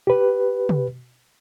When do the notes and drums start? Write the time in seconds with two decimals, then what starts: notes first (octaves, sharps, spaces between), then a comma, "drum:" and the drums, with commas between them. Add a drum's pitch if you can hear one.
0.07 G4 B4
0.69 drum: tom